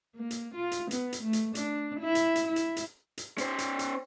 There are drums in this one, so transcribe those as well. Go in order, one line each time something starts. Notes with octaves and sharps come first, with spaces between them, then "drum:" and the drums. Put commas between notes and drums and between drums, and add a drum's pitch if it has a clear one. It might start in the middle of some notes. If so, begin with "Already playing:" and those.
A#3
drum: hi-hat
F4
drum: hi-hat
B3, drum: hi-hat
drum: hi-hat
A3
drum: hi-hat
D4, drum: hi-hat
E4
drum: hi-hat
drum: hi-hat
E4
drum: hi-hat
drum: hi-hat
drum: hi-hat
C#4 C5, drum: hi-hat
drum: hi-hat
drum: hi-hat